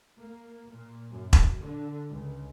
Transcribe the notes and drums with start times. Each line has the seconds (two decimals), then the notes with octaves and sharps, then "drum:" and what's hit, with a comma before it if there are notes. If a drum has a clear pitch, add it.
0.18 A#3
0.70 A#2
1.11 F#2
1.33 drum: kick E1
1.61 D3
2.11 C#2